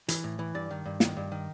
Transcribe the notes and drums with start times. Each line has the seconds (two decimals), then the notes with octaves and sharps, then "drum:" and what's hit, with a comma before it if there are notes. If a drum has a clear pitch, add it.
0.08 E3, drum: hi-hat
0.24 A2
0.39 E3
0.55 G2 D5
0.71 D#3
0.85 G2
1.00 D#3, drum: snare
1.17 G2
1.32 D#3